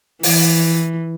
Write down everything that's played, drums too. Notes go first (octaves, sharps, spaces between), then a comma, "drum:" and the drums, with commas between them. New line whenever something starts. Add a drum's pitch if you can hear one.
E3, drum: open hi-hat